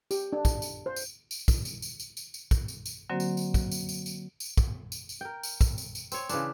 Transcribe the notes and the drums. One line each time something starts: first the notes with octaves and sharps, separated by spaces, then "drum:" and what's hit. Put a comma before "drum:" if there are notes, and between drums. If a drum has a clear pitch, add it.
G4, drum: tambourine
D4
drum: kick, tambourine
drum: tambourine
C5
drum: tambourine
drum: tambourine
drum: kick, tambourine
drum: tambourine
drum: tambourine
drum: tambourine
drum: tambourine
drum: tambourine
drum: kick, tambourine
drum: tambourine
drum: tambourine
D3 F#3 A#3 C4 F#4 C5
drum: tambourine
drum: tambourine
drum: kick, tambourine
drum: tambourine
drum: tambourine
drum: tambourine
drum: tambourine
drum: kick, tambourine
drum: tambourine
drum: tambourine
A#4 G5
drum: tambourine
drum: kick, tambourine
drum: tambourine
drum: tambourine
C4 C#5, drum: tambourine
C#3 E3 D4, drum: tambourine